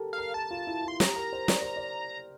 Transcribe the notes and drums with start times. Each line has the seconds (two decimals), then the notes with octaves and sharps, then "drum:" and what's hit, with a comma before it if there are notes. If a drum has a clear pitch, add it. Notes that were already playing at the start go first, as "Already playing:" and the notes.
Already playing: G4 A4 A#4
0.13 F5
0.18 A#4
0.34 A#4 A5
0.51 F4
0.67 E4
0.83 F4
0.88 C6
1.00 G4 A#5, drum: snare
1.16 A#4
1.33 C5
1.48 D5, drum: snare
1.62 C5
1.76 D5